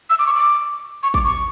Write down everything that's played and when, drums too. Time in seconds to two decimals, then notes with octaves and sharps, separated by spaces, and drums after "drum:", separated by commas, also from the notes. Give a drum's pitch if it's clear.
0.10 E6
0.19 D6
0.26 C#6
0.35 D6
1.03 C#6
1.14 D6, drum: kick
1.24 C#6